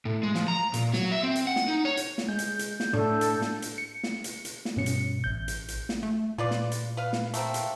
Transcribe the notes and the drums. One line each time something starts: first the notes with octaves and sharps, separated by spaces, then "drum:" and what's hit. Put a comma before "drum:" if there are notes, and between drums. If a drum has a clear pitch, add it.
A2
G#3
F3, drum: snare
A#5
A#2, drum: hi-hat
F#3, drum: snare
E5
C4
drum: hi-hat
F#5
drum: snare
D#4
C#5
drum: hi-hat
drum: snare
G#3 G6
drum: hi-hat
drum: hi-hat
drum: snare
A2 D4 A4
drum: hi-hat
drum: snare
drum: hi-hat
C#7
drum: snare
drum: hi-hat
drum: hi-hat
drum: snare
G2 B2 C#4 C#7
drum: hi-hat
A1 G6
drum: hi-hat
drum: hi-hat
drum: snare
A3
A#2 F4 B4 D5
drum: snare
drum: hi-hat
B4 F5
drum: snare
A3 A#3 C4, drum: hi-hat
drum: hi-hat